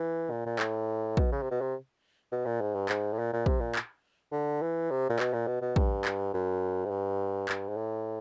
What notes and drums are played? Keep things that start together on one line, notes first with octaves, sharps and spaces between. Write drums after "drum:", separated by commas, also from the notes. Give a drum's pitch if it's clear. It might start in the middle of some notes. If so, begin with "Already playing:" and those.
Already playing: E3
A#2
A#2
A2, drum: clap
B2, drum: kick
C#3
C3
B2
C3
B2
A#2
G#2
G2
G#2, drum: clap
A2
A#2
A#2
C3, drum: kick
A#2
drum: clap
D3
E3
C3
A#2
B2, drum: clap
A#2
B2
B2
G2, drum: kick
drum: clap
F#2
G#2
G2
G2, drum: clap
G#2
A2